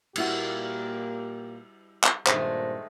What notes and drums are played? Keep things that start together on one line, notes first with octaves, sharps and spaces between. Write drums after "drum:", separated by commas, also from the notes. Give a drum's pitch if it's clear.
A#2 G3 A#3 E4 F#4 G4, drum: cymbal
drum: clap
G2 A#2 D#3 G#3 A3 C5, drum: clap